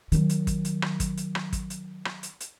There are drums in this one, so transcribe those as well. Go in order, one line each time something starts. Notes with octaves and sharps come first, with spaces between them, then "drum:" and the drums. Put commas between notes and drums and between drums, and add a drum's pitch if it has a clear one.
D#3 F#3, drum: hi-hat
drum: hi-hat
drum: kick, hi-hat
drum: hi-hat
drum: rim click
drum: kick, hi-hat
drum: hi-hat
drum: rim click
drum: kick, hi-hat
drum: hi-hat
drum: rim click
drum: hi-hat
drum: hi-hat